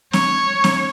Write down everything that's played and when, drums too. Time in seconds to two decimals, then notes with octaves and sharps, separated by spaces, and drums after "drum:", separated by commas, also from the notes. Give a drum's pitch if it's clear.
0.13 C#5, drum: snare
0.64 drum: snare